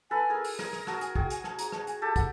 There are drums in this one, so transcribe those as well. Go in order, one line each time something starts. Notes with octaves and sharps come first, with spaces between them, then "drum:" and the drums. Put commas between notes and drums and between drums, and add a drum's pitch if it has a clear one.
A4 B4 G#5
G#4 A#4
drum: open hi-hat
G#4 A#4, drum: rim click
drum: rim click
F#4 G#4 A5, drum: rim click
G#5, drum: hi-hat
F#4 G#4 G5, drum: kick
G#5, drum: hi-hat
A5, drum: rim click
A#5, drum: hi-hat
A5, drum: rim click
G#5, drum: hi-hat
G4 A4 A5
F#5, drum: kick, hi-hat